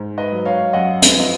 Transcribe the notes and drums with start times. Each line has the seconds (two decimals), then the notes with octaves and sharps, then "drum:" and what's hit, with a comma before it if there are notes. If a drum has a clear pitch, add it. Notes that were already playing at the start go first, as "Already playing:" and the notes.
Already playing: G#2
0.18 B4 D#5
0.32 F#3
0.45 C#5 F5
0.73 F#2 D#5 F#5
1.02 B4 D#5, drum: hi-hat
1.16 F3 D#5